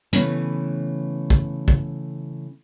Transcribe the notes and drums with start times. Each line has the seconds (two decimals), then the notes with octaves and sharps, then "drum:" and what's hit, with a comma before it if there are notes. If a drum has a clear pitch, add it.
0.13 C#3 E3 A3 B3 C#4 B4, drum: hi-hat
1.30 drum: kick
1.68 drum: kick